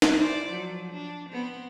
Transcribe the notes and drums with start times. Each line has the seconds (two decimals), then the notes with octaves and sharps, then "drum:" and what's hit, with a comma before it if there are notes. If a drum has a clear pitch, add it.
0.02 drum: snare
0.18 E4 C5 D5
0.48 F3 F#3
0.92 D4
1.29 B3 C4